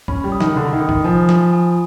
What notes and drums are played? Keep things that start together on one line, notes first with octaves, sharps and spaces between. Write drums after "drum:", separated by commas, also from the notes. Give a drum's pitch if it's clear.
C#4 B5, drum: kick
G3
D#6
D#3, drum: snare
D3 B5
D#3
D#6
D#3, drum: kick
F3 G#5
G#5, drum: snare
G#5